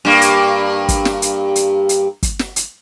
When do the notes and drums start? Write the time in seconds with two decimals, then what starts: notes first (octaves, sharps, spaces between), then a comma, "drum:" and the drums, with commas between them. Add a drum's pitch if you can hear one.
0.05 G2 A#3
0.21 drum: hi-hat
0.89 drum: kick, hi-hat
1.05 drum: snare
1.22 drum: hi-hat
1.56 drum: hi-hat
1.89 drum: hi-hat
2.23 drum: kick, hi-hat
2.39 drum: snare
2.56 drum: hi-hat